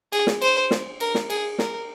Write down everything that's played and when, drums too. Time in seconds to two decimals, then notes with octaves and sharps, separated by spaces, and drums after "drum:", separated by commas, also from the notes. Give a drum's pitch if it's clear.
0.12 G#4, drum: cymbal
0.27 drum: snare
0.41 C5, drum: cymbal
0.71 drum: snare
1.00 A#4, drum: cymbal
1.15 drum: snare
1.30 G#4, drum: cymbal
1.59 A#4, drum: snare